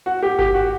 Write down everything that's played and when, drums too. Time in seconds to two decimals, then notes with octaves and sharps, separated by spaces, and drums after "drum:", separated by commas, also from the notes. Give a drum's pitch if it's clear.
0.06 F#4
0.23 G4
0.39 G4, drum: kick G1
0.54 F#4